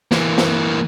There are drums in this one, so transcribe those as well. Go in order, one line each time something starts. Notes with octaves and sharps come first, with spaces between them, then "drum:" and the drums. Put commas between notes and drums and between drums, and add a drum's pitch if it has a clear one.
E3 A#3, drum: snare
drum: snare